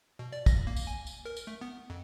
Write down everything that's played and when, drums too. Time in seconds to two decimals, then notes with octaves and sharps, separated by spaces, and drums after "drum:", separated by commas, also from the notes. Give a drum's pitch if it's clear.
0.19 B2
0.32 D5
0.46 A#6, drum: kick, tambourine
0.67 A#3
0.76 drum: tambourine
0.87 G#5
1.07 drum: tambourine
1.25 A#4
1.37 drum: tambourine
1.47 A3
1.61 B3
1.90 F2